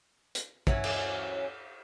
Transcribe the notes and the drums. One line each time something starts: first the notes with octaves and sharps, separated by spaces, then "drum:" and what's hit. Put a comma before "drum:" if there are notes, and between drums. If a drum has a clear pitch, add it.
drum: hi-hat
E3 F#3 C#4, drum: kick
drum: cymbal